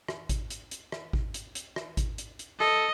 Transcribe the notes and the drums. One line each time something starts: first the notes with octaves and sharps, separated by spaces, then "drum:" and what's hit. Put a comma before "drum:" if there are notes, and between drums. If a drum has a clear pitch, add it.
drum: rim click
drum: kick G#1, hi-hat
drum: hi-hat
drum: hi-hat
drum: rim click
drum: kick G#1
drum: hi-hat
drum: hi-hat
drum: rim click
drum: kick G#1, hi-hat
drum: hi-hat
drum: hi-hat
A4 D#5, drum: rim click